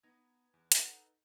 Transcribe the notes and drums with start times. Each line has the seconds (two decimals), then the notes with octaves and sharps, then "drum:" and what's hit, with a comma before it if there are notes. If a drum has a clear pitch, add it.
0.03 B3 D#4 G#6
0.54 E2
0.72 D#4 A4 B4 F#5, drum: hi-hat